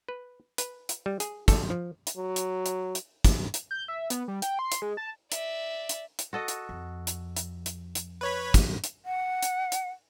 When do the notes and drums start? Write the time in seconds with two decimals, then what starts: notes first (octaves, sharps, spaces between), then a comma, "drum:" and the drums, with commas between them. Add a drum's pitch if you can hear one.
0.09 B4
0.58 B4, drum: hi-hat
0.89 drum: hi-hat
1.06 G3
1.20 G#4, drum: hi-hat
1.48 A4, drum: kick, hi-hat
1.70 F3
2.07 drum: hi-hat
2.17 F#3
2.36 drum: hi-hat
2.66 drum: hi-hat
2.95 drum: hi-hat
3.25 drum: kick, hi-hat
3.54 drum: hi-hat
3.71 G6
3.88 E5
4.10 B3, drum: hi-hat
4.28 G3
4.42 G5, drum: hi-hat
4.59 C6
4.72 drum: hi-hat
4.82 G#3
4.97 A5
5.32 D5 E5, drum: hi-hat
5.89 drum: hi-hat
6.19 drum: hi-hat
6.33 F#4 A4 D#5
6.48 drum: hi-hat
6.69 F2
7.07 drum: hi-hat
7.37 drum: hi-hat
7.66 drum: hi-hat
7.95 drum: hi-hat
8.21 B4 C#5 B5
8.54 drum: kick, hi-hat
8.84 drum: hi-hat
9.05 F#5
9.43 drum: hi-hat
9.72 drum: hi-hat